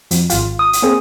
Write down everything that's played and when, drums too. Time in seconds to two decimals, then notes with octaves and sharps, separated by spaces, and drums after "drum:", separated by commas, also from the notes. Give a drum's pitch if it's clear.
0.11 F2, drum: hi-hat
0.30 G#1 F4, drum: hi-hat
0.59 D#6
0.73 drum: hi-hat
0.82 A#3 C4 G#4